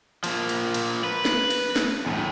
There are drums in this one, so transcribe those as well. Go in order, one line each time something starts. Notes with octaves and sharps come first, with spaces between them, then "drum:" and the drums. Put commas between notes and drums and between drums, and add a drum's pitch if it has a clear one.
F3 A#3, drum: cymbal
drum: cymbal
drum: cymbal
B4
drum: snare
drum: cymbal
drum: snare
E2 A2